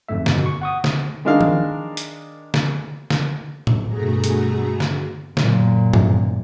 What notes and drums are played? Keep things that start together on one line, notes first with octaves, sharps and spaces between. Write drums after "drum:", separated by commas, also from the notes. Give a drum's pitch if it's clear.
G1 F2 G#2 A3 E5
G1 B2, drum: snare
C#6
F#5 C#6 D#6
drum: snare
D#3 G#3 D4 A#4 F5
drum: tom
drum: hi-hat
drum: snare
drum: snare
drum: tom A2
G2 B2 A3 F#4 G#4 A#5
drum: hi-hat
drum: snare
F#2 A#2, drum: snare
drum: tom G2